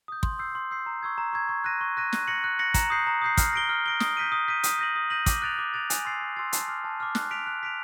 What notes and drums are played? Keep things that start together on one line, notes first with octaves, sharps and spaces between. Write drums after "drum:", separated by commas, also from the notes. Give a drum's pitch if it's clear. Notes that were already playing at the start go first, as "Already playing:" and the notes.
D#6 G6
C6, drum: kick
E6 G6 C7
C6
E6 G6 C7
A#5
C#6 E6 G#6
A#5
C#6 E6 G#6
C#6
F#6 A#6 D#7
C#6
F#6 A#6 D#7
F#6, drum: snare
A#6 C#7 F#7
F#6
A#6 C#7 F#7
A#5, drum: kick, hi-hat
D#6 G6 C7
A#5
D#6 G6 C7
F6, drum: kick, hi-hat
A#6 D7 G7
F6
A#6 D7 G7
D#6, drum: snare
G6 B6 D#7
D#6
G6 B6 D#7
D#6, drum: hi-hat
G6 A#6 D#7 F#7
D#6
G6 A#6 D#7 F#7
D6, drum: kick, hi-hat
F#6 A6 D7 F7
D6
F#6 A6 D7 F7
G#5, drum: hi-hat
C6 E6 A6 C7
G#5
C6 E6 A6 C7
A5, drum: hi-hat
D6 F6
A5
D6 F6
F#6, drum: snare
B6 D7 F7
F#6
B6 D7 F7